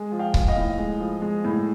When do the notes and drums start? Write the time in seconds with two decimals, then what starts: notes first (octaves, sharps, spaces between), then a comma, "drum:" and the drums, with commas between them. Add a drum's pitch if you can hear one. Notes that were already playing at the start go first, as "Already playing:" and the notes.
Already playing: G#3
0.12 F3
0.19 F5 G5
0.34 F3, drum: kick C#1
0.48 D#5 F5
0.57 A2
0.78 G#3
1.00 F3
1.22 G#3
1.45 A2